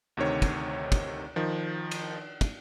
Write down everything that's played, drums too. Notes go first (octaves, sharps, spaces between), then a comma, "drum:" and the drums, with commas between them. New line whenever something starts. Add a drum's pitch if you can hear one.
D2 C3 D#3 C#5
drum: kick, cymbal
drum: kick, cymbal
D#3 F3
drum: cymbal
drum: kick, cymbal